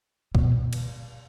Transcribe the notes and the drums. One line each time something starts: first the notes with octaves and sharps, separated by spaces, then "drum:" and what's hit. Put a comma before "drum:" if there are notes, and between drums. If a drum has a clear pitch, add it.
B2, drum: kick
drum: cymbal